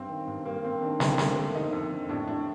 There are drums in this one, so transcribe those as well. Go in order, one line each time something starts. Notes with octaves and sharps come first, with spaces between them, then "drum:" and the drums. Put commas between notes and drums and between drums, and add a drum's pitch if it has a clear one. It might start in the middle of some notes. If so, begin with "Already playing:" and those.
Already playing: G2 C4
D#3
G2
G2 A#3
G2 C4
D#3 D4
D3 C4, drum: snare
A#3
D3 A3, drum: snare
D3 A#3
F2 D#4
F2
D3
A2 D4
A2 D4